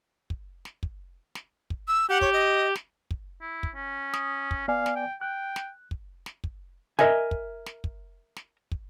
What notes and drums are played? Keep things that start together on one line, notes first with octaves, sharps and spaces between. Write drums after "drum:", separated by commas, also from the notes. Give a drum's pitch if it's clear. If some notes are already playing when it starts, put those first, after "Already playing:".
drum: kick
drum: snare
drum: kick
drum: snare
drum: kick
E6
G4 F#5
C#5, drum: kick
D#5
drum: snare
drum: kick
E4
drum: kick
C#4
D#6, drum: snare
drum: kick
B3 D5 F5 G#5
drum: snare
G5
G5 F#6
drum: snare
drum: kick
drum: snare
drum: kick
A#4 D#5 E5 G#5, drum: snare
drum: kick
drum: snare
drum: kick
drum: snare
drum: kick